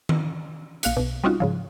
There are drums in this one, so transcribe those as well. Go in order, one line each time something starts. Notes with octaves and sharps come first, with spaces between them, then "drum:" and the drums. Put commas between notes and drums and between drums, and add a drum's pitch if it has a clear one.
drum: tom D#3
A#1 F5 F#6 C#7, drum: hi-hat
B1 B2
G3 C4 C#4 D#4 F4 F#4
G#2 C#3 F3